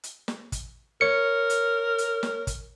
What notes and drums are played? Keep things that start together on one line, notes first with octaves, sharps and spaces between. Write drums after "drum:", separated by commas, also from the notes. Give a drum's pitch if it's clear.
drum: hi-hat
drum: snare
drum: kick, hi-hat
A#4 C#5 C#7
drum: hi-hat
drum: hi-hat
drum: snare
drum: kick, hi-hat